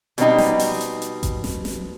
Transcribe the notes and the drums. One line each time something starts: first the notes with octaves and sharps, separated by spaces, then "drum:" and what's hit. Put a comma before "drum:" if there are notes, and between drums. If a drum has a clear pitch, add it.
B2 G3 C4 D#4, drum: hi-hat
drum: snare
drum: open hi-hat
drum: hi-hat
drum: hi-hat
drum: kick G#1, hi-hat
drum: snare
drum: snare